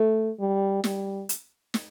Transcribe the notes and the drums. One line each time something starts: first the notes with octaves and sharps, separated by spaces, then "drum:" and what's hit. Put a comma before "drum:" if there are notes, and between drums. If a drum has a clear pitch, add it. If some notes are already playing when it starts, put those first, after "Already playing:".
Already playing: A3
G3
G3, drum: snare
drum: hi-hat
drum: snare